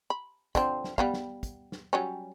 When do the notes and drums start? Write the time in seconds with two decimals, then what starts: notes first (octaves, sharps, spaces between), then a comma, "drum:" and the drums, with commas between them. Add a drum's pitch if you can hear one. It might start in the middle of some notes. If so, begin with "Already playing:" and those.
0.10 B5
0.55 D3 F3 C4, drum: kick, hi-hat
0.84 drum: snare
0.98 G3 B3 F5, drum: kick
1.14 drum: snare
1.43 drum: kick, hi-hat
1.72 drum: snare
1.93 F#3 G3 C#4